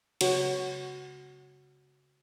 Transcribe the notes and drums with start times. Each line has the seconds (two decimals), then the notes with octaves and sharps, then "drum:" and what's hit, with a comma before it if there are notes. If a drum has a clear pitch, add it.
0.21 C#3 F#4 C#5, drum: cymbal